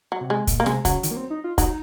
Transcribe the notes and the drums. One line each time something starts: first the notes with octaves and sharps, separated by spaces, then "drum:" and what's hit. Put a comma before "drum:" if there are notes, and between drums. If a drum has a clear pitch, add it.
F#3
C3
G#3
A#2, drum: kick, hi-hat
A#3
C3 G#3, drum: snare
C#3 F#3, drum: kick, hi-hat
D#3, drum: hi-hat
A#3
C4
D#4
F4
F#3 D#4, drum: kick, hi-hat